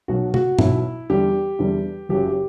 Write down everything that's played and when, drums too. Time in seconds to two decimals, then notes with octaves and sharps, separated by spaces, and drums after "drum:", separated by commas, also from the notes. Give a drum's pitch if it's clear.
0.08 B1 B2 F#3 F#4
0.34 F#4, drum: tom
0.59 B1 B2 F#3 E4, drum: tom
1.10 E2 D3 G3 G4
1.59 E2 D3 G3
2.09 F#1 F#2 C#3 F#3 G4
2.25 G4